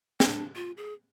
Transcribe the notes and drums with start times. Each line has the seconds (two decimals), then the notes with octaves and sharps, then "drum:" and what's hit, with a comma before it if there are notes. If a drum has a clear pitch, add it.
0.20 D4, drum: snare
0.56 F4
0.77 G#4